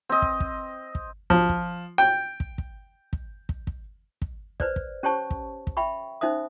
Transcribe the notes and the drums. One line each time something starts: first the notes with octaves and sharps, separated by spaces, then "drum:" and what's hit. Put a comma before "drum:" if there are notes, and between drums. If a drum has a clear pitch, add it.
C4 D#5
drum: kick
drum: kick
drum: kick
F3, drum: kick
drum: kick
G5
drum: kick
drum: kick
drum: kick
drum: kick
drum: kick
drum: kick
B4 C5 D5, drum: kick
drum: kick
C#4 G4 C5 C#5 A5 C#6
drum: kick
drum: kick
E5 G5 B5 C#6
C#4 D#4 C5 E5 D#6